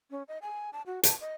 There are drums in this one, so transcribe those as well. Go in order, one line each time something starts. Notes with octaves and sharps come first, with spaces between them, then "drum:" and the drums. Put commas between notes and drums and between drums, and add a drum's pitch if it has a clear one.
C#4
D#5
G#5
A5
F#4
A5, drum: hi-hat
D#5